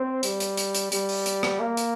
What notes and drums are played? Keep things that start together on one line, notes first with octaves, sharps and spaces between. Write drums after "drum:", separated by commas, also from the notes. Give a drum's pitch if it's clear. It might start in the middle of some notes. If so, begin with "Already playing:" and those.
Already playing: C4
G3, drum: hi-hat
drum: hi-hat
drum: hi-hat
drum: hi-hat
G3, drum: hi-hat
drum: open hi-hat
drum: hi-hat
drum: rim click
A#3
drum: hi-hat